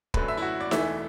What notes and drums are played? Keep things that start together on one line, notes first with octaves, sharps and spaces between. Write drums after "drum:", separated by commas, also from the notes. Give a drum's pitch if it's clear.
F#2 D3 F#3 A3 B4, drum: kick
E5
E4
F#4
D5
E1 E2 E3 A3 E5, drum: snare D#4